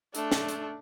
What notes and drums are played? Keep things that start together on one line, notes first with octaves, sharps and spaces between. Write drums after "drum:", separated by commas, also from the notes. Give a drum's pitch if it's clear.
A3 D4, drum: hi-hat
drum: snare
drum: hi-hat